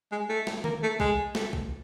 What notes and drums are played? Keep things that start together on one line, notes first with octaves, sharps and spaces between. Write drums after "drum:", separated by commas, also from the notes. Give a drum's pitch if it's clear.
G#3
A3
drum: snare
A#3, drum: tom D#3
A3
G#3, drum: kick
A3, drum: snare
drum: kick